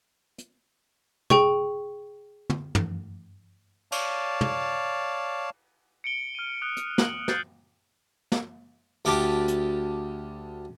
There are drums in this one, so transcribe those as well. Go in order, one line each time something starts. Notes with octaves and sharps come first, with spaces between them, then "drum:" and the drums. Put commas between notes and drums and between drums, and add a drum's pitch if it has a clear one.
drum: hi-hat
G#4 G5 C#6, drum: tom
drum: tom
drum: tom
C#5 D5 F5 A5, drum: cymbal
drum: tom
C#7 D7 G7
F6 D#7
D#6 F#6 G7
drum: hi-hat
F#7 G7, drum: snare
F#6 G6 A6 C7, drum: snare
drum: snare
D2 G4 A5 D6, drum: cymbal
drum: hi-hat